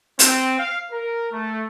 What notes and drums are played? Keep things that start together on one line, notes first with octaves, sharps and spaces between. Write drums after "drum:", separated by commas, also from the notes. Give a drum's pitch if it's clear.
C4, drum: hi-hat
F5
A#4
A3